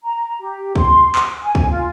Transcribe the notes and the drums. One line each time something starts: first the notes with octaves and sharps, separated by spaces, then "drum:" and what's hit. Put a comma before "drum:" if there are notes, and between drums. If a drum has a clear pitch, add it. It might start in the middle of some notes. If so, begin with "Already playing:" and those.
A#5
G4
C6, drum: kick
drum: clap
G#5
drum: kick
F4